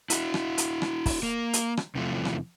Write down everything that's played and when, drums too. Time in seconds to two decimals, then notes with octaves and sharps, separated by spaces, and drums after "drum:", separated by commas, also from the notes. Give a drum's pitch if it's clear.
0.10 E4 F#4, drum: hi-hat
0.34 drum: rim click
0.58 drum: hi-hat
0.82 drum: rim click
1.06 drum: kick, open hi-hat
1.23 A#3
1.53 drum: hi-hat
1.77 drum: rim click
1.95 E2 C3 E3 F3 A3
2.25 drum: rim click